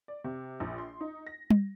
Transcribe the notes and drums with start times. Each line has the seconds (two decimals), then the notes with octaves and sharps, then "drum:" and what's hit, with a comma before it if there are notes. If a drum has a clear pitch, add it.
0.08 D5
0.24 C3
0.60 A#1
0.78 C6
1.01 D#4
1.27 A#6
1.50 drum: tom G3